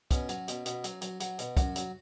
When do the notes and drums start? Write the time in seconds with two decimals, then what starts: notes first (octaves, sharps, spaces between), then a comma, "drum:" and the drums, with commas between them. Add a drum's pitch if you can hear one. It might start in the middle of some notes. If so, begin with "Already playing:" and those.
0.11 B2 C#4, drum: kick, hi-hat
0.29 F#3, drum: hi-hat
0.48 B2, drum: hi-hat
0.66 B2, drum: hi-hat
0.84 F#3, drum: hi-hat
1.02 F#3, drum: hi-hat
1.20 F#3, drum: hi-hat
1.39 B2, drum: hi-hat
1.57 F#2 F#4, drum: kick, hi-hat
1.76 F#3, drum: hi-hat